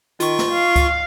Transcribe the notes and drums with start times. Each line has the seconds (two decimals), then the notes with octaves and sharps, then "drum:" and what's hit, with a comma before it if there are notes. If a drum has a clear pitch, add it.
0.20 D#3 F4 C#6, drum: hi-hat
0.39 drum: snare
0.51 F5
0.76 drum: kick C#2, hi-hat